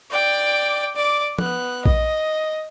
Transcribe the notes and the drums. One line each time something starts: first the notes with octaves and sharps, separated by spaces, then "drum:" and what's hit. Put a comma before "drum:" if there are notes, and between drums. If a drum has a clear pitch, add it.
D5 G5
D5 D6
B3 F#6, drum: tom
D#5, drum: kick A#1